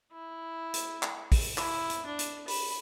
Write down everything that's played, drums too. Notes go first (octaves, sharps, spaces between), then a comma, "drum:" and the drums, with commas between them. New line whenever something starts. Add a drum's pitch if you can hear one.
E4
drum: hi-hat
drum: clap
drum: kick, open hi-hat
E4, drum: clap
drum: hi-hat
D4
drum: hi-hat
B5, drum: open hi-hat